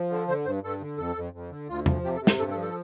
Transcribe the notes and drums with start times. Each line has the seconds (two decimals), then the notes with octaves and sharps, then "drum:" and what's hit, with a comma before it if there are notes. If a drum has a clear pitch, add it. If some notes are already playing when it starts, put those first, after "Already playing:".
Already playing: F3
0.10 D3
0.28 D3 C5
0.45 G2 C5
0.64 G2 A4
0.81 D3
0.98 F2 A4
1.16 F2
1.33 F2
1.50 D3
1.69 D2 F4
1.86 F3, drum: tom E2
2.04 C3 G4
2.16 A4
2.21 C3
2.27 C5, drum: snare
2.38 G2 A4
2.51 A4
2.56 F3
2.62 A4